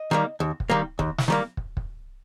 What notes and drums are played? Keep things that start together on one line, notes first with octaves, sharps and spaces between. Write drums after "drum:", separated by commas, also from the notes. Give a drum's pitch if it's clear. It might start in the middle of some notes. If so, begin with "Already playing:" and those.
Already playing: D#5
D#3 G3 A#3
D#2
drum: kick
D#3 G3 A#3
D#2, drum: kick
drum: snare
D#3 G3 A#3
drum: kick
drum: kick